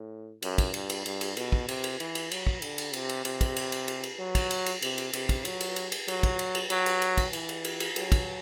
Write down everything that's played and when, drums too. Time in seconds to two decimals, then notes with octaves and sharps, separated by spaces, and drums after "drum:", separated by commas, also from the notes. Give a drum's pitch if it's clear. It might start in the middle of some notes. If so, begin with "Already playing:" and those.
Already playing: A2
0.42 F#2, drum: cymbal
0.58 drum: kick, cymbal
0.74 G2, drum: cymbal
0.90 drum: cymbal
1.06 G2, drum: cymbal
1.21 drum: cymbal
1.37 B2, drum: cymbal
1.52 drum: kick
1.69 C3, drum: cymbal
1.84 drum: cymbal
2.00 E3, drum: cymbal
2.15 drum: cymbal
2.31 F#3, drum: cymbal
2.47 drum: kick
2.62 D3, drum: cymbal
2.78 drum: cymbal
2.93 C3, drum: cymbal
3.09 drum: cymbal
3.25 C3, drum: cymbal
3.41 drum: kick, cymbal
3.56 drum: cymbal
3.72 drum: cymbal
3.88 drum: cymbal
4.04 drum: cymbal
4.19 F#3
4.35 drum: kick, cymbal
4.51 drum: cymbal
4.66 drum: cymbal
4.82 C3, drum: cymbal
4.98 drum: cymbal
5.13 C3, drum: cymbal
5.29 drum: kick, cymbal
5.45 F#3, drum: cymbal
5.61 drum: cymbal
5.76 drum: cymbal
5.92 drum: cymbal
6.08 F#3, drum: cymbal
6.23 drum: kick, cymbal
6.39 drum: cymbal
6.55 drum: cymbal
6.70 F#3, drum: cymbal
6.86 drum: cymbal
7.02 drum: cymbal
7.17 drum: kick, cymbal
7.33 E3, drum: cymbal
7.49 drum: cymbal
7.65 drum: cymbal
7.80 drum: cymbal
7.96 F#3, drum: cymbal
8.12 drum: kick, cymbal